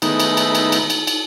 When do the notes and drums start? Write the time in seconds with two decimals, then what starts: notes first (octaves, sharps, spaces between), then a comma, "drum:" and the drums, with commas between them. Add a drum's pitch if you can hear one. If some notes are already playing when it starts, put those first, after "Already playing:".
0.02 D#3 G#3 A3 B3 D#4 E4, drum: cymbal
0.20 drum: cymbal
0.37 drum: cymbal
0.55 drum: cymbal
0.72 drum: cymbal
0.90 drum: cymbal
1.07 drum: cymbal